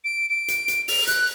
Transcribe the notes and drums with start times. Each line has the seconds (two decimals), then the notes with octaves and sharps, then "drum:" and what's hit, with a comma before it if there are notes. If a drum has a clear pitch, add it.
0.04 D7
0.29 D7
0.48 drum: hi-hat
0.68 drum: hi-hat
0.88 F7, drum: open hi-hat
1.07 F#6, drum: hi-hat